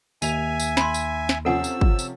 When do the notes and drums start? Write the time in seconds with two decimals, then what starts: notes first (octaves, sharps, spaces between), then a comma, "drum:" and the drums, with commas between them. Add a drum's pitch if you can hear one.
0.22 D#2 E5 G#5 D#7 F7, drum: tambourine
0.60 drum: tambourine
0.77 B5 C6, drum: snare
0.94 drum: tambourine
1.29 drum: snare
1.45 C3 F3 C#4 A4 F#5 G#5 E6
1.64 drum: tambourine
1.81 drum: kick
1.99 drum: tambourine